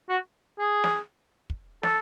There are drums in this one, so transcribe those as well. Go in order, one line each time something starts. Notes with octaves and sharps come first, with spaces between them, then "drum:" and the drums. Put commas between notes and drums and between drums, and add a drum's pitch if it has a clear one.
F#4
G#4
drum: snare
drum: kick
A4, drum: snare